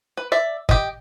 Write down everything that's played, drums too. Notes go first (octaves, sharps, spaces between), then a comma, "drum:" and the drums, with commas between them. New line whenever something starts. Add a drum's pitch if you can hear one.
B4
D5 E5
G4 D#5, drum: kick